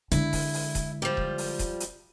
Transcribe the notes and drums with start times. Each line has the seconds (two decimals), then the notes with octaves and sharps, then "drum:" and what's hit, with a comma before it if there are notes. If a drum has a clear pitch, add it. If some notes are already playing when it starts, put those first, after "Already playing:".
0.12 D3 G#3 E4, drum: hi-hat
0.33 drum: kick D#1, open hi-hat
0.54 drum: open hi-hat
0.75 drum: kick D#1, hi-hat
1.02 F3 G3
1.17 drum: kick D#1
1.38 drum: open hi-hat
1.59 drum: kick D#1, hi-hat
1.80 drum: hi-hat